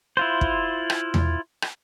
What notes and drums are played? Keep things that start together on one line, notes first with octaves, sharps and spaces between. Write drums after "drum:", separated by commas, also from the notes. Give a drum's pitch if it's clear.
E4 F4 C5
drum: kick
drum: rim click
drum: tom E2
drum: rim click